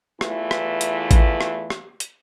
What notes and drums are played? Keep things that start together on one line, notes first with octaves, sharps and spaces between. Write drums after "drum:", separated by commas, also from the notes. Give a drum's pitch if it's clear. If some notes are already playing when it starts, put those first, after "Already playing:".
E2 E3 A3 F4, drum: rim click
drum: rim click
drum: hi-hat
drum: kick A1, hi-hat
drum: rim click
drum: rim click
drum: hi-hat